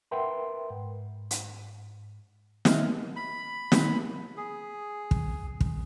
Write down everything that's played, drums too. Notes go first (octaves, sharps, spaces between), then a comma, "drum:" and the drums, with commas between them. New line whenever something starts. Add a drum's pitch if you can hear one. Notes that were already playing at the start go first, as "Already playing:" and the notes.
A#4 B4 E5 F#5 G5 C6
G#2
drum: hi-hat
D#5 E5 F6, drum: snare
B5
drum: snare
G#4
drum: kick
drum: kick